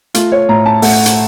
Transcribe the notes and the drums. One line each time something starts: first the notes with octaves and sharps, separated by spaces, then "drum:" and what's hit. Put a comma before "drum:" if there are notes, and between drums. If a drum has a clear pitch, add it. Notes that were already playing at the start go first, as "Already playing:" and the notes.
A3 F4, drum: hi-hat
C#5
A2 A#5
A5
A3 F#5, drum: open hi-hat
drum: hi-hat